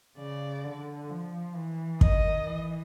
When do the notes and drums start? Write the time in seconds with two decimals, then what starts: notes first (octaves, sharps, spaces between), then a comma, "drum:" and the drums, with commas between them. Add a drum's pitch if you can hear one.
0.17 C#3 D5
0.64 D3
1.09 F3
1.55 E3
2.01 D#3 D#5, drum: kick
2.47 E3